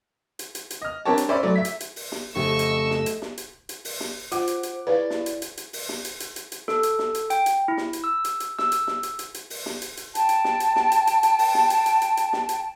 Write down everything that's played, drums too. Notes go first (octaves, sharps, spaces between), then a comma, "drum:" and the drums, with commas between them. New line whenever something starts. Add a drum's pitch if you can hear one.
drum: hi-hat
drum: hi-hat
drum: hi-hat
D#5 F6
C4 D4 G4 A#4 C#5 A5
drum: hi-hat
C#4 C5 D5 E5 B5
F#3 A3 D5
E5 B6
drum: hi-hat
drum: hi-hat
drum: open hi-hat
drum: snare
F2 C#3 A3 G4 D#5 C#6 E6
drum: hi-hat
drum: snare
drum: hi-hat
drum: snare
drum: hi-hat
drum: hi-hat
drum: open hi-hat
drum: snare
F4 C5 F#5 D6, drum: hi-hat
drum: hi-hat
drum: hi-hat
E4 G#4 B4 C#5 D5 F5
drum: snare
drum: hi-hat
drum: hi-hat
drum: hi-hat
drum: open hi-hat
drum: snare
drum: hi-hat
drum: hi-hat
drum: hi-hat
drum: hi-hat
A4, drum: snare
drum: hi-hat
drum: snare
drum: hi-hat
G5, drum: hi-hat
drum: hi-hat
E4
drum: snare
drum: hi-hat
E6
drum: hi-hat
drum: hi-hat
E6, drum: snare
drum: hi-hat
drum: snare
drum: hi-hat
drum: hi-hat
drum: hi-hat
drum: open hi-hat
drum: snare
drum: hi-hat
drum: hi-hat
G5 A5, drum: hi-hat
drum: hi-hat
drum: snare
drum: hi-hat
drum: snare
drum: hi-hat
drum: hi-hat
drum: hi-hat
drum: open hi-hat
drum: snare
drum: hi-hat
drum: hi-hat
drum: hi-hat
drum: hi-hat
drum: snare
drum: hi-hat